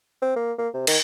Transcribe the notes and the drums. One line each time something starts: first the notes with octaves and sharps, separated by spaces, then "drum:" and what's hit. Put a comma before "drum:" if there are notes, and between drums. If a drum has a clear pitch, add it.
C4
A#3
A#3
C3
D#3, drum: cymbal